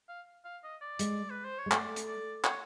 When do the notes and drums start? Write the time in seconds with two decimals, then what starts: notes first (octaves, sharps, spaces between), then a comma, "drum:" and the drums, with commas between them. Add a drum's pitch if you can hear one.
0.09 F5
0.45 F5
0.63 D#5
0.81 D5
0.99 G#3, drum: hi-hat
1.30 B4
1.44 C5
1.59 C#5
1.66 G#3
1.71 A3 D5, drum: clap
1.96 drum: hi-hat
2.08 D5
2.44 C#5, drum: clap